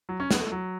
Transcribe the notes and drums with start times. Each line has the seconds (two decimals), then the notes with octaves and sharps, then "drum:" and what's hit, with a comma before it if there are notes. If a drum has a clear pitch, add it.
0.09 F#3
0.20 C#4
0.31 B3, drum: snare
0.40 A3
0.52 F#3